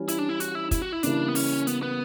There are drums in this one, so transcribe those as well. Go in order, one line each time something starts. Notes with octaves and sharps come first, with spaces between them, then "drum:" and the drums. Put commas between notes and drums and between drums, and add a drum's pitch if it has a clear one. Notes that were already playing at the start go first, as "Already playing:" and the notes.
Already playing: E3 G3 C#4
E4, drum: hi-hat
D4
E4
F#4, drum: hi-hat
E4
E4, drum: kick, hi-hat
F#4
E4
C#3 E3 G3 A#3 D4 E4, drum: hi-hat
B3
C#4, drum: open hi-hat
B3, drum: hi-hat
B3